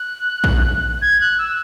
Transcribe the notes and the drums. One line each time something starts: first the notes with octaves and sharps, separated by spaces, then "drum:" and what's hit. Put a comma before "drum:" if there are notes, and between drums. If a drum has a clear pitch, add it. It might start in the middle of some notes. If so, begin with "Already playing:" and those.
Already playing: F#6
drum: kick A#1
G#6
F#6
E6